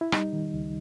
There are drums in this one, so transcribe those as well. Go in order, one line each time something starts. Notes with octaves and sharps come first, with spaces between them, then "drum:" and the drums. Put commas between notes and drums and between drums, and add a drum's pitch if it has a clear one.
E4
G3 D#4, drum: rim click
D#3
C#2